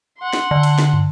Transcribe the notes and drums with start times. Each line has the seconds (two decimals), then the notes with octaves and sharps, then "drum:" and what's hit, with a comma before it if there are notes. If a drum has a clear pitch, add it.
0.18 F#5 C6
0.33 drum: snare
0.51 D3
0.63 drum: cymbal
0.78 drum: snare
0.93 drum: tom